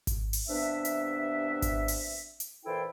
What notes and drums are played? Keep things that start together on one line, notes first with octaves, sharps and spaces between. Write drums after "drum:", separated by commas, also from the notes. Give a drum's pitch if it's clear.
drum: kick G#1, hi-hat
drum: open hi-hat
G2 C3 B3 D4 E5
drum: hi-hat
drum: kick G#1, hi-hat
drum: open hi-hat
drum: hi-hat
A#2 E3 E4 A4 C5 G5